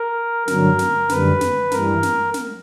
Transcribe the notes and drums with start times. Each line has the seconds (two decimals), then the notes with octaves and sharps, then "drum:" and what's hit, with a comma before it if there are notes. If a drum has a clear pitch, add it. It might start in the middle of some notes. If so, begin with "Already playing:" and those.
Already playing: A#4
0.48 G2 D3 F#3 A#4, drum: snare
0.79 drum: snare
1.09 F#2 D3 G3 B4, drum: snare
1.41 drum: snare
1.71 G2 E3 G3 A#4, drum: snare
2.03 drum: snare
2.34 drum: snare